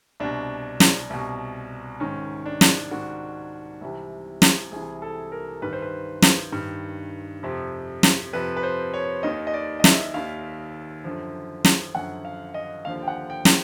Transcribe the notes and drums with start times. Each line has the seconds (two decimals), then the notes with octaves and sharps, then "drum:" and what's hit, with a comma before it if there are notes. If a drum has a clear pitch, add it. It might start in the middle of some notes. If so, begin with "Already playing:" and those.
0.20 C2 B2 D4
0.80 drum: snare
1.10 C2 B2
2.00 G#2 D#3 C#4
2.46 D4
2.61 drum: snare
2.91 G#2 D#3 F#4
3.81 C2 C3 E3
4.42 drum: snare
4.71 C2 C3 E3 G#4
5.02 A4
5.32 A#4
5.62 G2 D#3 B4
5.73 C5
5.82 B4
6.22 drum: snare
6.52 G2 D#3
7.43 F2 C3 F3
8.03 drum: snare
8.33 F2 C3 F3 B4
8.57 B4
8.63 C5
8.94 C#5
9.23 D#2 D#3 D#5
9.47 D#5
9.54 D5
9.80 D#5
9.84 E5, drum: snare
10.14 D#2 D#3 F5
11.04 F#2 D3 F3
11.65 drum: snare
11.94 F#2 D3 F3 F#5
12.25 F5
12.54 D#5
12.85 D#2 D3 F3 F5
13.02 G5
13.08 F#5
13.30 G5
13.45 drum: snare